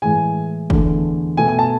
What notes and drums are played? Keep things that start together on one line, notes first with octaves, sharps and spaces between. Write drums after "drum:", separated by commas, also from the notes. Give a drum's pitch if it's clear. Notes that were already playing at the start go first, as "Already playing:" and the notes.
A2 E3 G#3 G#5
E2 D3 A3, drum: kick
B2 A3 G#5
G#5
A5